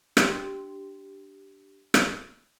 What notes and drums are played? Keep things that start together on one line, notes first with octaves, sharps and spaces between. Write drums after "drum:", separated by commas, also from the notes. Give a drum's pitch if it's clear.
D4 G4, drum: rim click
drum: rim click